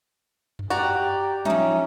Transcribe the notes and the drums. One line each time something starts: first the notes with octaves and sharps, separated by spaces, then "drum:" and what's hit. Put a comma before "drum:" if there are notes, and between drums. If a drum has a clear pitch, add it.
drum: tom F#2
F#4 G4 D5 A#5
F3 C#4 D#4 E5 A#5 D#6, drum: tom F#3